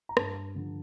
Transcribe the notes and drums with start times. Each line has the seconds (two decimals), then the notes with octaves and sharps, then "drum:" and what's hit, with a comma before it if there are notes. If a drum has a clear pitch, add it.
0.09 A#5
0.17 G2 A5, drum: rim click
0.55 D3 F3